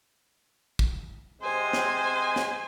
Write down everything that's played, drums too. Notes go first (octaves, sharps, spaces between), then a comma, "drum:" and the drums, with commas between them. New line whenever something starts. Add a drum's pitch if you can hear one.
drum: kick
C3 G#3 C4 C5 G#5
drum: snare
drum: snare